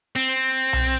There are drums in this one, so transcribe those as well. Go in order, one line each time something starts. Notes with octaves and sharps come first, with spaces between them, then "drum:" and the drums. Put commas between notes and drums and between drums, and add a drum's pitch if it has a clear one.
C4
drum: tom B1